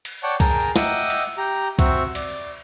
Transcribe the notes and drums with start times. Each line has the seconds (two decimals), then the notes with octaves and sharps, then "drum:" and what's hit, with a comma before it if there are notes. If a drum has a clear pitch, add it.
0.05 drum: cymbal
0.23 C#5 D5 F#5 G5 A5
0.40 G#4 A#4 G5 A5 A#5, drum: kick, cymbal
0.76 D#5 E5 F#5 G5 D6 D#6, drum: snare
1.10 drum: cymbal
1.38 G4 A#5
1.79 C4 F#4 E5, drum: kick, cymbal
2.15 D5, drum: cymbal